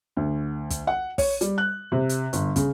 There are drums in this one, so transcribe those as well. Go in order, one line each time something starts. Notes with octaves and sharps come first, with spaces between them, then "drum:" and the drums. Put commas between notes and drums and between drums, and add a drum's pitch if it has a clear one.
D2
drum: kick, hi-hat
F#5
C#5, drum: kick, open hi-hat
G3, drum: hi-hat
F#6
C3
drum: hi-hat
G1, drum: hi-hat
C#3, drum: kick, hi-hat